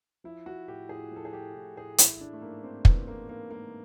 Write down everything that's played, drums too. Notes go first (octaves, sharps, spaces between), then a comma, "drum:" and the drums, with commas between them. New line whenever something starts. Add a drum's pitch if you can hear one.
F3 E4
F3 F#4
A2 G4
A2 G#4
F3 A4
G#4
F3 G4
A2
A2 G#4
E3 E4, drum: hi-hat
E3 D4
A3
G#2 A#3
G#2 C4
E3 B3, drum: kick
E3 A#3
G#2 A#3
G#2 A#3